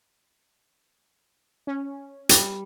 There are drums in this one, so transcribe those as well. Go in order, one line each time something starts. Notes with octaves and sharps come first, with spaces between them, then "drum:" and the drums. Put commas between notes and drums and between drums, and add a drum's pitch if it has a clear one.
C#4
G3, drum: hi-hat